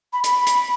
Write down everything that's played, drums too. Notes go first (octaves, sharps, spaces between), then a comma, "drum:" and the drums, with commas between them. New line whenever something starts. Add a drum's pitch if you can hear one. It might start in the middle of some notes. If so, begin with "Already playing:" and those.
B5
B5, drum: hi-hat
drum: hi-hat